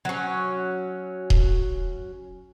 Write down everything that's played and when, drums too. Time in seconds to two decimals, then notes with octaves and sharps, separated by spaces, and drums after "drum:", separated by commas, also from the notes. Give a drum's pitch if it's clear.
0.05 F#3 C#4
1.30 drum: kick D#1